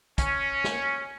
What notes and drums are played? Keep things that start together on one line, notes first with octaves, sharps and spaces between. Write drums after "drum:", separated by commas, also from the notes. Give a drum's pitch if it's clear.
C#4, drum: kick, hi-hat
drum: snare